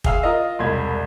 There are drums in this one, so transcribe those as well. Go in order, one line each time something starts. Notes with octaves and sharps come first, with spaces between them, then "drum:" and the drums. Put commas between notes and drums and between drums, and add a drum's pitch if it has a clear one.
G#4 F5 E6, drum: kick
F4 A#4 D#5
E1 C2 G#6